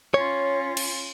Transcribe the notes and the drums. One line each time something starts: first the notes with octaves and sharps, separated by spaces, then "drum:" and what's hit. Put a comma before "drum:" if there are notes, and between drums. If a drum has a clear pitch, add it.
C#4 F4 C#5
drum: cymbal